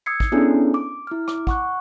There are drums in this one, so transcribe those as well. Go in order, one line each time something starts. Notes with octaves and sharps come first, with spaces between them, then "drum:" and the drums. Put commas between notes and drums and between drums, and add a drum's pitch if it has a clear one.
D#6 E6 G#6 C7 C#7
drum: kick
B3 C#4 D4 E4 G#4 A4
D6
E4 F6
D6, drum: rim click
F#5 C#6 F#6, drum: kick